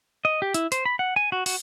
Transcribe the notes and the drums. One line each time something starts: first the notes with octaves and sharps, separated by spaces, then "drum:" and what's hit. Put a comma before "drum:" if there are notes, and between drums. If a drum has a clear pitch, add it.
D#5
G4
E4, drum: hi-hat
C5, drum: hi-hat
B5
F#5
G#5
F#4
F#4, drum: open hi-hat